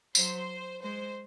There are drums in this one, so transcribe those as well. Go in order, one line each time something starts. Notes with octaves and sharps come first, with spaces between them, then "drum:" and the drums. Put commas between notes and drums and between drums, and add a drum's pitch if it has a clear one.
F#3 C5, drum: tambourine
G#3 C5